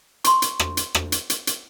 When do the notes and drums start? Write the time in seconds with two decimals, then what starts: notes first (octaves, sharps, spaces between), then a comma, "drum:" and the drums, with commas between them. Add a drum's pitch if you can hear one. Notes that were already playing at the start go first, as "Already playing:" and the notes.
0.24 C6 C#6, drum: hi-hat
0.42 drum: hi-hat
0.59 drum: rim click
0.77 drum: hi-hat
0.95 drum: rim click
1.12 drum: hi-hat
1.30 drum: hi-hat
1.47 drum: hi-hat